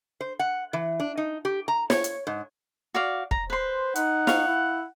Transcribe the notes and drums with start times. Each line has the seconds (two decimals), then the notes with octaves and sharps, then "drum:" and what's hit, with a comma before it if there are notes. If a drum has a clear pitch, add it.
0.21 C5
0.39 F#5
0.73 E3
1.00 D4
1.17 D#4
1.45 G4
1.68 A#5
1.90 C#5, drum: snare
2.04 drum: hi-hat
2.27 G#2
2.94 F#4 D5 F5
3.31 A#5, drum: kick
3.50 B4 C5 C6
3.95 D#4 F#5, drum: hi-hat
4.27 F5 C#6, drum: snare
4.47 E4